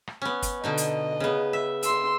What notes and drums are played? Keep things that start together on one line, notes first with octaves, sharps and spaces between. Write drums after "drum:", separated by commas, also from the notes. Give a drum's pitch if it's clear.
drum: rim click
B3 C#4
drum: kick, hi-hat
B2 D3 D#4 D#5
drum: hi-hat
C#3 B3
E5
C6 E6, drum: hi-hat